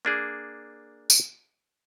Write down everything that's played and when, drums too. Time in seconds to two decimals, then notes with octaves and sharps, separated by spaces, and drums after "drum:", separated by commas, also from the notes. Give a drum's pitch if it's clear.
0.05 A#3 D4 G#4
1.10 drum: tambourine